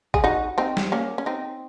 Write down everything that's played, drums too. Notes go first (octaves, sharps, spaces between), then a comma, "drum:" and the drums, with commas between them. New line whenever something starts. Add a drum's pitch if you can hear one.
G#4, drum: kick G#1
D#4 F#4
C4 D#4
drum: snare
A#3 C#4
C#4
C4 D#4